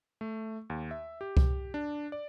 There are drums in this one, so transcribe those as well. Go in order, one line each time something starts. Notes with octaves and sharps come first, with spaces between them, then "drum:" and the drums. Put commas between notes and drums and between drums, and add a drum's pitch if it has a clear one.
A3
D#2
E5
G4
drum: kick C2
D4
D5